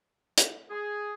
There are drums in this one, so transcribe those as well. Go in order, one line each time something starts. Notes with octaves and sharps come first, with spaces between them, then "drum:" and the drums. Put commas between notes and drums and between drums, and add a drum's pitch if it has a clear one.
drum: hi-hat
G#4